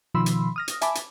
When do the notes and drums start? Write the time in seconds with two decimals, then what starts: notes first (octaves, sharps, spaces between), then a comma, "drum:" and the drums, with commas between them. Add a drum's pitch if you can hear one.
0.14 B2 D#3 F3 B5 C6 E6
0.26 drum: hi-hat
0.56 D#6 F6 A#6
0.68 drum: hi-hat
0.81 E5 G#5 A5 B5 D6, drum: hi-hat
0.95 drum: hi-hat